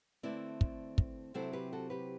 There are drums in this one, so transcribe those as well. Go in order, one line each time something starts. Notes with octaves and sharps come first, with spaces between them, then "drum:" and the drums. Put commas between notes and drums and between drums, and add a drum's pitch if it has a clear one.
D3 A3 C4 E4 B4 D5
drum: kick
drum: kick
C3 F#3 C4 E4 A4 C5
G4 B4
F#4 A4
G4 B4